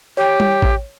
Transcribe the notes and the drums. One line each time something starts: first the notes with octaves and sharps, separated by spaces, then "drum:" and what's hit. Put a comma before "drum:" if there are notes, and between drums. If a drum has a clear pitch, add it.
G4 C#5 G5
drum: tom G3
drum: kick A1